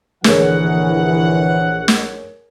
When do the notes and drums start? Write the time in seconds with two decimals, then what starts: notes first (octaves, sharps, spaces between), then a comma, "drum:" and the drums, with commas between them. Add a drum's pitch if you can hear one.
0.24 A#1 D3 E3 G#4 A#4 C#5 F#5, drum: snare
1.88 drum: snare